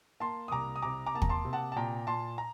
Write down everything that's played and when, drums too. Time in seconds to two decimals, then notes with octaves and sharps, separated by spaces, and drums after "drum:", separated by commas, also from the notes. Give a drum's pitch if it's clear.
0.20 A#3 A5 C6
0.48 D#6
0.51 C2 A#5 D6
0.76 D#6
0.82 C3 A#5 D6
1.06 A#5 D6
1.15 A#3 A5
1.22 A#5, drum: kick
1.29 A5 C6
1.45 C3
1.53 F#5 A5
1.72 A5
1.76 A#2 G5 A#5
2.07 A#2 A5 C6
2.38 A#5